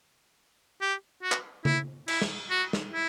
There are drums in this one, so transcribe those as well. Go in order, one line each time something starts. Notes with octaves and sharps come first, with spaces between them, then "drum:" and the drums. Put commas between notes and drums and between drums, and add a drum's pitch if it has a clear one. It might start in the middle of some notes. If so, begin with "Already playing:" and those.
G4
F#4
drum: clap
E4, drum: tom C#3
E4, drum: cymbal
drum: snare
F#4
drum: snare
E4